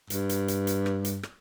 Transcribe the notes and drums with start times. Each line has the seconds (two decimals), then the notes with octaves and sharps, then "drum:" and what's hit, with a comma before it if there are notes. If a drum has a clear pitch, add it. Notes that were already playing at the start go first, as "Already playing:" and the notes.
0.10 G2, drum: hi-hat
0.29 drum: hi-hat
0.48 drum: hi-hat
0.67 drum: hi-hat
0.86 drum: rim click
1.05 drum: hi-hat
1.23 drum: rim click